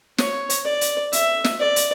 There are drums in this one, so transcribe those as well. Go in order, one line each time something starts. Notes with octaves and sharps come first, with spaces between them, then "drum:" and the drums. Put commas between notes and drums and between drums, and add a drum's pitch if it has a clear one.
C#5, drum: snare
drum: hi-hat
D5
drum: hi-hat
E5, drum: hi-hat
drum: snare
D5
drum: hi-hat